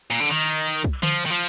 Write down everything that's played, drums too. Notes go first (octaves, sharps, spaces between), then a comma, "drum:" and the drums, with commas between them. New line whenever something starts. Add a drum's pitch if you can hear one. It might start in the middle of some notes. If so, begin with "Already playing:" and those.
A#2
D3
D#3
drum: kick
F3, drum: tom D3
D#3
F3